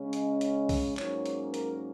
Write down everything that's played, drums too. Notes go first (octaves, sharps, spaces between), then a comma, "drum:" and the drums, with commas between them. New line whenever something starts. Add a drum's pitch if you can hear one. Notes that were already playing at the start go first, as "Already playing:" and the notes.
Already playing: C#3 G#3 C#4
D#5, drum: hi-hat
drum: hi-hat
drum: kick, open hi-hat
G#2 F#3 A#3 C#4 C#5, drum: clap
drum: hi-hat
A#4, drum: hi-hat